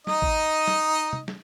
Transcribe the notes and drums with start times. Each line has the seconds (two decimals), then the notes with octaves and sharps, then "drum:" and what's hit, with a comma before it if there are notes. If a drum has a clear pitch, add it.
0.07 D#4 D#5, drum: snare
0.22 drum: kick
0.67 drum: snare
1.13 drum: tom C3
1.28 drum: snare